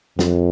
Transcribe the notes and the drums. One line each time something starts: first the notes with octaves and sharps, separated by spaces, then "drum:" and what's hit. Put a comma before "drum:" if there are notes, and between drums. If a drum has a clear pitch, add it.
F2, drum: snare